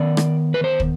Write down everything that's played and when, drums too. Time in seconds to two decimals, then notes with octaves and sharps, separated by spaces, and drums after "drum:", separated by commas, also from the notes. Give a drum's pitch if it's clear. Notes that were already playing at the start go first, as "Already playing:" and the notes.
Already playing: D#3 B3 D5
0.17 drum: rim click
0.54 B4
0.64 C5
0.80 drum: kick